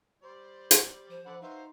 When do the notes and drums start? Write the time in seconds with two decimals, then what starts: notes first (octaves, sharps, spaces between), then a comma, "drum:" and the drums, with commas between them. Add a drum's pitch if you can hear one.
0.23 G3 C5 D5
0.71 drum: hi-hat
1.10 F3 C5
1.26 D3 F3 D5 F#5 B5
1.42 D#4 F#4 B4 C5 E5 F5